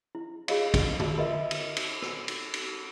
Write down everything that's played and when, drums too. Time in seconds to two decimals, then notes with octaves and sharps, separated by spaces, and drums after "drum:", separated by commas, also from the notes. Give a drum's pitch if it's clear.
0.15 E4
0.48 F4 G#4 C#5 D#5 F5, drum: cymbal
0.74 drum: kick, cymbal
0.99 drum: tom D3
1.17 F4 F#4 A#4 B4 D#5 E5
1.51 drum: cymbal
1.77 drum: cymbal
2.02 drum: rim click
2.28 drum: cymbal
2.54 drum: cymbal